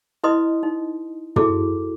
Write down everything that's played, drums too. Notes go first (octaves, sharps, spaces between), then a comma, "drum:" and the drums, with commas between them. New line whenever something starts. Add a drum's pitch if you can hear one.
E4 B4 D#5 C6 D#6
D#4
E4 F#4 G#4 A4 D6, drum: tom